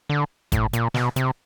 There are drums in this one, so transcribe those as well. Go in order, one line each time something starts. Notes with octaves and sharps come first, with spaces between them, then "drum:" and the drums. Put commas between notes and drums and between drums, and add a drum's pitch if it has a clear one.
D3
A2, drum: kick G1, hi-hat
A#2, drum: hi-hat
B2, drum: snare
C3, drum: hi-hat